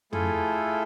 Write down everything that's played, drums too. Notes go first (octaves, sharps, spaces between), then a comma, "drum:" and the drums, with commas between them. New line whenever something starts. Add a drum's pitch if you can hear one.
A3 E4 F4 G#4 A4, drum: tom